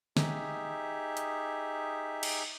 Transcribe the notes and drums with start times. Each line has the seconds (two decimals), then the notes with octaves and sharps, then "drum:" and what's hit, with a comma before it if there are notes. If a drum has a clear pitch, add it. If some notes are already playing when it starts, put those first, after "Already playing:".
0.17 D#4 G4 G#4 E5, drum: snare
1.17 drum: hi-hat
2.23 drum: cymbal